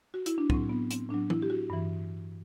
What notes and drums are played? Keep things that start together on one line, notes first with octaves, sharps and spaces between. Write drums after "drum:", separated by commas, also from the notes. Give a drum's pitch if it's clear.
F#4
E4, drum: hi-hat
D4
A2 F#3 C4, drum: kick
B3
C4, drum: hi-hat
A2 F#3 D4
E4, drum: tom
G4
F#4
G2 E3